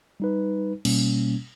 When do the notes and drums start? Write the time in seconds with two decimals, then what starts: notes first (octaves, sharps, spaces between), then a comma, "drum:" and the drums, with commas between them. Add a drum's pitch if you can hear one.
0.20 G3 D#4 B4
0.85 B2 G3 A#3 C#4, drum: cymbal